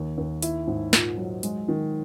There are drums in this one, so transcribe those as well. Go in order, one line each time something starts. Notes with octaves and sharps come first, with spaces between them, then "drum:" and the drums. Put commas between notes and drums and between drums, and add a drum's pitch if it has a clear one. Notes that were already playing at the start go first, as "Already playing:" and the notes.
Already playing: D#2
D#2
E4, drum: hi-hat
G#2
A#2, drum: snare
F#3
G#3, drum: hi-hat
D#3